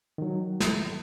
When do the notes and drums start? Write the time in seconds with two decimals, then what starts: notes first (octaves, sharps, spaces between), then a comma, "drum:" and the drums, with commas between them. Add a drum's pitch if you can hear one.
0.18 D#3 F#3
0.60 drum: snare